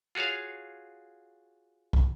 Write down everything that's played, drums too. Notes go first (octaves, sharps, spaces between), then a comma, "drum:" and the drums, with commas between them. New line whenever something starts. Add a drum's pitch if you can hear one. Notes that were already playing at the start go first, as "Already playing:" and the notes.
F4 F#4 G#4 C#5 F5
drum: kick